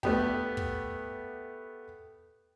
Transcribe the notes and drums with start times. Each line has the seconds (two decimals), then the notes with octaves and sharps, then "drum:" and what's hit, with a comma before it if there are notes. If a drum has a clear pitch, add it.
0.03 A3 B3 G4, drum: kick
0.57 drum: kick